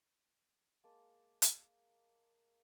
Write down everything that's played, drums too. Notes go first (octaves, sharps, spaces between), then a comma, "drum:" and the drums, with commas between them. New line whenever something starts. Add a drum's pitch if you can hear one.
G#3 A#3 A5 D6
drum: hi-hat